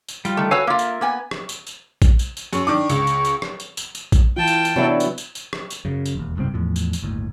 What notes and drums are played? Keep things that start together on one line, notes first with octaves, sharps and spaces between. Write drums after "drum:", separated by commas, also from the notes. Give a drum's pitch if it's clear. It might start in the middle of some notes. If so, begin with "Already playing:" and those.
drum: tambourine
G3 F4, drum: tambourine
D#3 A3
F#4 B4 C#5 F5 G#5 E6
A#3 F4 A#4 E5
drum: tambourine
A#3 B3 G#5
drum: rim click
drum: tambourine
drum: tambourine
drum: kick A#1, tambourine
drum: tambourine
drum: tambourine
F#2 C#6, drum: tambourine
D#3 D4 C#6 D6
C#2, drum: tambourine
drum: tambourine
drum: tambourine
drum: rim click
drum: tambourine
drum: tambourine
drum: tambourine
drum: kick A#1, tambourine
E3 F4 G5 A5
drum: tambourine
drum: tambourine
C3 F#3 B3 D4 E4 F#4
drum: tambourine
drum: tambourine
drum: tambourine
drum: rim click
drum: tambourine
F#2 C#3
drum: tambourine
E1 D#2
F#1 C2 G#2 C4
E2 A2 F3
drum: tambourine
drum: tambourine
G1 D#2 A2